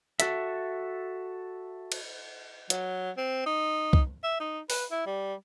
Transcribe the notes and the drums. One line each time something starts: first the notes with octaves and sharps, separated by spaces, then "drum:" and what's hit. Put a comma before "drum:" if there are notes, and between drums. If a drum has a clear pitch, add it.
F#4 A4 E5, drum: hi-hat
drum: cymbal
F#3, drum: hi-hat
C4
D#4
drum: kick C2
E5
D#4
B4, drum: open hi-hat
E4
G3